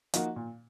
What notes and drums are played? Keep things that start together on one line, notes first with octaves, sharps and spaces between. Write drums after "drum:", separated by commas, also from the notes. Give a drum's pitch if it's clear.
F3 A#3 D#4 F#4, drum: hi-hat
A#2